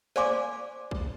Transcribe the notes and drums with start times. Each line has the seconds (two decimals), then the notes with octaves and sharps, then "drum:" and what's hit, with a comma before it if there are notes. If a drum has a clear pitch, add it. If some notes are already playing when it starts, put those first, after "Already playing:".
0.16 C5 D5 F5 G#5 C6 D6, drum: snare
0.91 drum: kick